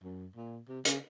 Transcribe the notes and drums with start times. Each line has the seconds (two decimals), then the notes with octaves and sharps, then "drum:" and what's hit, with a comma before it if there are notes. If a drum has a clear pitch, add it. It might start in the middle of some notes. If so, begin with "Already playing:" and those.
0.03 F#2
0.36 A#2
0.68 C3
0.85 C#3, drum: hi-hat